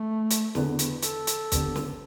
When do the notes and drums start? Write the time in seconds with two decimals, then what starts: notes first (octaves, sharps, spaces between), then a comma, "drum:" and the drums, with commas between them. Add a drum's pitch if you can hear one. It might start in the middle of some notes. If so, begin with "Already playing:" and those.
Already playing: A3
0.31 drum: hi-hat
0.55 E2 D3 B3, drum: snare
0.79 drum: hi-hat
1.02 A4, drum: hi-hat
1.27 drum: hi-hat
1.52 D3 B3 G4, drum: kick, hi-hat
1.76 drum: snare